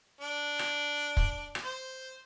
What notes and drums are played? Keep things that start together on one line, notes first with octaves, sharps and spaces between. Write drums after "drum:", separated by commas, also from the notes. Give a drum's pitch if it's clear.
D4
drum: rim click
drum: kick
drum: rim click
C5